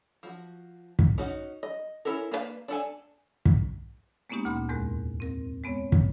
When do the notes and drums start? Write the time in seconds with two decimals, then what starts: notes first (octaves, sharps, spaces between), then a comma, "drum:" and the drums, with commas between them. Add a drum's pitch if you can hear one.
0.23 F3 F#4
0.99 drum: kick
1.18 C#4 D#4 F#4
1.63 D#5
2.05 C#4 E4 A4 A#4
2.31 A#3 D4 A4 B4 F5
2.68 D4 A4 G#5
3.45 drum: kick
4.30 G#3 A#3 B3 C#4 D#4 G4
4.45 D2 A#2 B5 C6
4.69 E2 G#2 G#3 A#4 F#6
5.20 C4 A#4
5.64 G#3 B3 C4 C#5
5.92 drum: kick